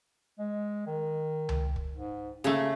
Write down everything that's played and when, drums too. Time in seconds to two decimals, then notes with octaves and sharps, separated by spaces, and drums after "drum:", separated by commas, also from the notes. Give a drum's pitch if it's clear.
0.38 G#3
0.87 D#3
1.49 drum: tom C#2
1.76 drum: kick
1.94 G#2
2.44 C#3 A3 A#3, drum: hi-hat